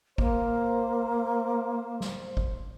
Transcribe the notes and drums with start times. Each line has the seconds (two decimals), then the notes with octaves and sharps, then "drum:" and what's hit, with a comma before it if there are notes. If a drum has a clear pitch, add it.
0.18 A#3 C5, drum: kick
2.00 drum: snare
2.37 drum: kick